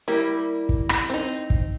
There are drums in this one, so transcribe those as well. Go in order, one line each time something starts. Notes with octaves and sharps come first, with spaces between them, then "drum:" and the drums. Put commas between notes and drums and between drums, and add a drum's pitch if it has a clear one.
G3 A#3 E4 D5
drum: kick
drum: rim click
C4 D#4
drum: kick